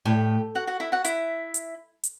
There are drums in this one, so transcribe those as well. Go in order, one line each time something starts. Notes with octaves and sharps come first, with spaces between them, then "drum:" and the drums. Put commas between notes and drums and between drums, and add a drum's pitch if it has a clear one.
A2 G4 G5
F#4 F#5
F#4 F#5
E4 E5
F#4 F#5
E4 E5, drum: hi-hat
drum: hi-hat
drum: hi-hat